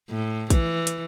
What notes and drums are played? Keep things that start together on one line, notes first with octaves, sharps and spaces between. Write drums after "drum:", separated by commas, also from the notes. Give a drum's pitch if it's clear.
A2
E3, drum: kick, hi-hat
drum: hi-hat